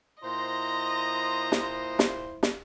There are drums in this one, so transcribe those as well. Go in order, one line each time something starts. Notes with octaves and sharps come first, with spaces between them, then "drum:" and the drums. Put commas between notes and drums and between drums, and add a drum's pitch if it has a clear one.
A#2 E4 C5 D#5 A#5 C6
drum: snare
drum: snare
drum: snare